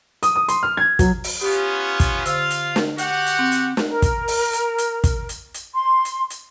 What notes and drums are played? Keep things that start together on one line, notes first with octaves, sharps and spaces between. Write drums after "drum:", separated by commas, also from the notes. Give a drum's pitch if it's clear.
D#6, drum: hi-hat
D#6
C6, drum: hi-hat
F6
G#6
F#3, drum: kick, hi-hat
drum: open hi-hat
B3 C#4 F4 G4
drum: kick, hi-hat
D3 F4 C5 F5 E6, drum: hi-hat
drum: hi-hat
drum: snare
F#4 G4 F#5, drum: hi-hat
drum: hi-hat
C4
drum: hi-hat
drum: snare
A#4
drum: kick, hi-hat
drum: open hi-hat
drum: hi-hat
drum: hi-hat
drum: kick, hi-hat
drum: hi-hat
drum: hi-hat
C6
drum: hi-hat
drum: hi-hat